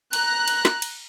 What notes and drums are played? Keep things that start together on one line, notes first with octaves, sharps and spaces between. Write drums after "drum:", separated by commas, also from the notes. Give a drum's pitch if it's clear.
A#5 F#6, drum: cymbal
drum: cymbal
drum: snare
drum: cymbal